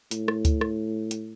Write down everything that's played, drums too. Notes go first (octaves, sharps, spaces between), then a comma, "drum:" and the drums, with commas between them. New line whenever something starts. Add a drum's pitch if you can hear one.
A2, drum: hi-hat
drum: rim click
drum: kick D2, hi-hat
drum: rim click
drum: hi-hat